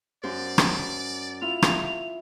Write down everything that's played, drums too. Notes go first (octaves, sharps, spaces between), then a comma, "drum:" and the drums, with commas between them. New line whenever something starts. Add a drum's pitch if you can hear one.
F#2 C5 D5
drum: rim click
E4 F4 F7
drum: rim click